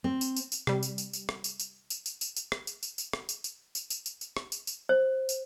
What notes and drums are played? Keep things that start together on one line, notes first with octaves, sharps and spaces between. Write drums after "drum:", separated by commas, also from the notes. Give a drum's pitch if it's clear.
C4
drum: tambourine
drum: tambourine
drum: tambourine
C3 G3, drum: rim click
drum: tambourine
drum: tambourine
drum: tambourine
drum: rim click
drum: tambourine
drum: tambourine
drum: tambourine
drum: tambourine
drum: tambourine
drum: tambourine
drum: rim click
drum: tambourine
drum: tambourine
drum: tambourine
drum: rim click
drum: tambourine
drum: tambourine
drum: tambourine
drum: tambourine
drum: tambourine
drum: tambourine
drum: rim click
drum: tambourine
drum: tambourine
C5
drum: tambourine